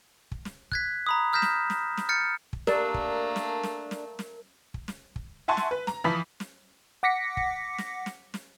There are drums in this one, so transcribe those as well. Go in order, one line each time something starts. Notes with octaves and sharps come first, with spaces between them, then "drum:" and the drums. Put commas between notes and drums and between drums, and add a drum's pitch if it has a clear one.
drum: kick
drum: snare
F#6 G#6 B6, drum: kick
A#5 B5 D#6
D#6 F6 G6 A#6 B6 E7
drum: snare
drum: snare
drum: snare
F6 G6 A6 C#7
drum: kick
A3 A#3 D4 G4 A#4 D5, drum: snare
drum: kick
drum: snare
drum: snare
drum: snare
drum: snare
drum: kick
drum: snare
drum: kick
E5 F#5 G#5 A5 C6 C#6
drum: snare
B4
A#5, drum: snare
E3 F3 B5 D#6 B6
drum: snare
F#5 D6 A#6 B6 C#7
drum: kick
drum: snare
drum: snare
drum: snare